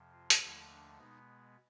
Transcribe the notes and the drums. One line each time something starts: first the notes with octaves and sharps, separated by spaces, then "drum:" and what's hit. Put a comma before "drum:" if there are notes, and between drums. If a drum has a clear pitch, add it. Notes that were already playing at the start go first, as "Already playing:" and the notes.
Already playing: F2 C3 F3
F4
drum: hi-hat
D#2 D3 F3 A3 E4
D4
B2 G#3 B3 D#4